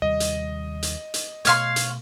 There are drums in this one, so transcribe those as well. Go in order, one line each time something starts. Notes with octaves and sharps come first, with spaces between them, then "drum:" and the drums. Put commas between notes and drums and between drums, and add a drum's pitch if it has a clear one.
D#2 C3 G3 D#5
drum: hi-hat
drum: hi-hat
drum: hi-hat
B2 A3 C#5 F5 C6, drum: hi-hat
drum: hi-hat